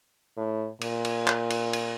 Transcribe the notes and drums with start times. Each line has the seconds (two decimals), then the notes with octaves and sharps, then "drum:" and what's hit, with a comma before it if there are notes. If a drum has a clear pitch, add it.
0.37 A2
0.81 A#2, drum: cymbal
1.05 drum: cymbal
1.27 drum: clap
1.50 drum: cymbal
1.73 drum: cymbal